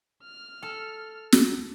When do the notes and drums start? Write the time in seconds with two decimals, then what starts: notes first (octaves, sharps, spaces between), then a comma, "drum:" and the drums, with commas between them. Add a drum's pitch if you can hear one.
0.23 F6
0.63 A4
1.32 drum: snare